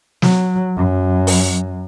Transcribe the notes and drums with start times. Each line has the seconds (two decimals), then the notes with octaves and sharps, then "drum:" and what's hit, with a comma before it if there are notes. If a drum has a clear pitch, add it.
0.22 F#3, drum: snare
0.76 F#2
1.27 drum: open hi-hat